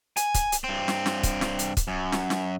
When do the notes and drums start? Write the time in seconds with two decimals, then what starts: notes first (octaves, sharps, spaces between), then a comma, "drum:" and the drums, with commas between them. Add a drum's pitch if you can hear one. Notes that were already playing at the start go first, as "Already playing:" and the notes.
0.17 G#5, drum: hi-hat
0.34 drum: kick, hi-hat
0.52 drum: hi-hat
0.64 G2 C4
0.88 drum: snare
1.06 drum: snare
1.23 drum: kick, hi-hat
1.41 drum: snare
1.59 drum: hi-hat
1.77 drum: kick, hi-hat
1.88 F#2
2.12 drum: snare
2.30 drum: snare